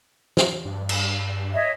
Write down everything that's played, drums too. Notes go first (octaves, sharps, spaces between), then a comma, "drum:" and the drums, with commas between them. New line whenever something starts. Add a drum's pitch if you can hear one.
drum: snare
G2
drum: cymbal
C#5 D#5 E5